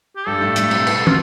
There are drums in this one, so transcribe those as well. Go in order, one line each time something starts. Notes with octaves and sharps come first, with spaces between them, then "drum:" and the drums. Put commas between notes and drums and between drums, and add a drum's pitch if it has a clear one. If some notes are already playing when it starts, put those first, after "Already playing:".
G4
G2 G3 A4
A2 A3
A2 A3, drum: hi-hat
C3 C4, drum: cymbal
B2 B3, drum: cymbal
F4, drum: tom